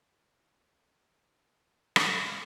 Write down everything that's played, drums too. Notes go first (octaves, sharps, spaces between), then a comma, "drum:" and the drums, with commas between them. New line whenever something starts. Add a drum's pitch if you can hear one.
A#1 D#2 E4
drum: rim click
D2 F3 E7